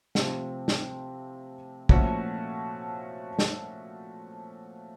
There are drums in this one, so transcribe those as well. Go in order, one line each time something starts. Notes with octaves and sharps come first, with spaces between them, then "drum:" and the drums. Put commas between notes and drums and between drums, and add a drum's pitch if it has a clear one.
C3 F3 A3 C4 F4, drum: snare
drum: snare
A#2 F3 A3 C#4 F#4, drum: kick
drum: snare